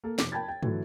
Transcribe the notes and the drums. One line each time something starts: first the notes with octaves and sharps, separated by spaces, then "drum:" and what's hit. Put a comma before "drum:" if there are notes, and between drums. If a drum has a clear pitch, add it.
A#3 A4
F1 D6, drum: snare
G5 A5 B5 G#6 A6
G5
A2 D3 E3 F#3 A3, drum: tom